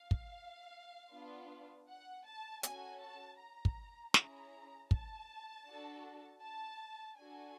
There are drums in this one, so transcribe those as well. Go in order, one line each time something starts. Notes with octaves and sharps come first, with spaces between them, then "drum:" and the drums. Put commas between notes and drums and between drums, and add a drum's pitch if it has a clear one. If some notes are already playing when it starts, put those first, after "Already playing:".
Already playing: F5
drum: kick
B3 D4 F4
F#5
A5
C#4 F#4 A4 G#5, drum: hi-hat
A5
A#5
drum: kick
C#4 E4 G#4 A#5, drum: snare
A5, drum: kick
D4 F#4 A4
A5
D4 F#4 A4 G#5